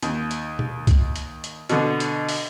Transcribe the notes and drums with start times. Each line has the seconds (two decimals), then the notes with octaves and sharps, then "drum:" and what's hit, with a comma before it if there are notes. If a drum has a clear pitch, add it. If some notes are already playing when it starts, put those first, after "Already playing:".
0.03 D#2, drum: hi-hat
0.31 drum: hi-hat
0.59 drum: tom B2
0.87 drum: kick, hi-hat
1.16 drum: hi-hat
1.44 drum: hi-hat
1.69 B2 D3, drum: hi-hat
2.00 drum: hi-hat
2.29 drum: open hi-hat